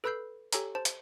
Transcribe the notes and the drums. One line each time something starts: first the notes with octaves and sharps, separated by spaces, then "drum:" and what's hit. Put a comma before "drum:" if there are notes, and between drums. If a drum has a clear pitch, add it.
A4 B4 B5 E6 G6 C7
G4 A4 C#5 G#5 A#5, drum: hi-hat
C5 A5
drum: hi-hat